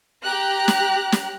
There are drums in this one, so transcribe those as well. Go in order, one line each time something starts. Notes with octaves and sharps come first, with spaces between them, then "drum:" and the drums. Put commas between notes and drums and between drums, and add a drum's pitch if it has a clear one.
G4 A#5 F#6
drum: snare
drum: snare